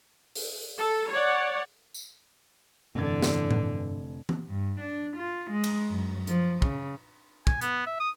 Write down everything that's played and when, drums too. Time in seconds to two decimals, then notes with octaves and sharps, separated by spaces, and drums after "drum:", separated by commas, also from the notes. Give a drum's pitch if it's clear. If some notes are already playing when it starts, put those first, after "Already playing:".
0.35 drum: open hi-hat
0.79 A4
1.11 C#5 D5 F#5
1.94 drum: tambourine
2.95 F1 G2 D3 E3 G#6
3.23 drum: snare
3.51 drum: tom A2
4.29 drum: tom E3
4.49 G2
4.81 D4
5.17 F4
5.51 G#3
5.64 drum: cymbal
5.89 F#2
6.27 F3, drum: hi-hat
6.62 C#3, drum: kick
7.47 G#5, drum: kick
7.61 B3, drum: hi-hat
7.87 E5
8.00 D#6